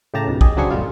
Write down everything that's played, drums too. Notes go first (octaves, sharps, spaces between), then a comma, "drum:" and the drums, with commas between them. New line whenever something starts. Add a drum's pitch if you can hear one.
A2 C#3 G4 A5 A#5
C#2 G#2 B2
G4 G#4 D#5, drum: kick
C#3 F#3 C4 D4 G#4 C#6
F#2 A2 C3 G3 F4